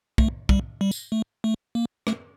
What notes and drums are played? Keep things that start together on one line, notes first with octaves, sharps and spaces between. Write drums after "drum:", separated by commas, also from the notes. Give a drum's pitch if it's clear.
A3, drum: kick
G3, drum: kick
G3
drum: tambourine
A3
A3
A#3
A3, drum: rim click